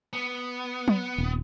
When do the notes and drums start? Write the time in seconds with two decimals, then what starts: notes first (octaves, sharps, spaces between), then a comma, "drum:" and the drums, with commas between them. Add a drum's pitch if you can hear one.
0.13 B3
0.88 drum: tom
1.18 D#1